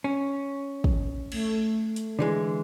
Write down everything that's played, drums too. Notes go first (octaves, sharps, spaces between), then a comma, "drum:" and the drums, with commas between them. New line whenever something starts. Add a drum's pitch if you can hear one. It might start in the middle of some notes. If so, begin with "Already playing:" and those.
C#4
drum: kick
A3, drum: cymbal
drum: hi-hat
D3 E3 G#3